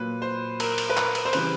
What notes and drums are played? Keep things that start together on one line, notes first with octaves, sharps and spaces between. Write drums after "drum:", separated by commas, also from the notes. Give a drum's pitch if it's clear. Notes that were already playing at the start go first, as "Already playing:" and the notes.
Already playing: A#2 F#3 B4
C5
A#4, drum: cymbal
drum: cymbal
B4
A#4, drum: clap
drum: cymbal
C5
C#3 E3 G3 B4, drum: cymbal